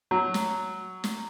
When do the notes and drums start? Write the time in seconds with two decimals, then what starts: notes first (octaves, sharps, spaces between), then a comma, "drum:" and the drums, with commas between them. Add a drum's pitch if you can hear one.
0.11 F#3
0.34 drum: snare
1.04 drum: snare